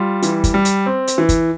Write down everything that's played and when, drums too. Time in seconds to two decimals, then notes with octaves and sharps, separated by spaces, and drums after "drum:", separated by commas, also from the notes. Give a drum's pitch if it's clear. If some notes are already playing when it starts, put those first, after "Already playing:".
Already playing: G3 F4
0.22 E3, drum: hi-hat
0.44 drum: kick, hi-hat
0.54 G3
0.65 drum: hi-hat
0.86 C4
1.07 drum: hi-hat
1.18 E3
1.29 drum: kick, hi-hat